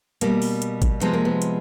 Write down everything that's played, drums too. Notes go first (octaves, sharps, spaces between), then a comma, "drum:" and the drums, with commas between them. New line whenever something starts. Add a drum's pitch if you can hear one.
B2 G3 A#3, drum: hi-hat
drum: open hi-hat
drum: hi-hat
drum: kick, hi-hat
C3 F3 G#3 B3, drum: hi-hat
A#3
B3
drum: hi-hat